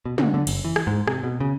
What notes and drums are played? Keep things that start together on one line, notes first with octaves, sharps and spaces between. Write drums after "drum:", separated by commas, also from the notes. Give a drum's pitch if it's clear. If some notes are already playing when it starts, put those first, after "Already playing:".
B2
D3, drum: tom
D3
F#1, drum: cymbal
E3
drum: rim click
G#2
C3, drum: rim click
B2
C#3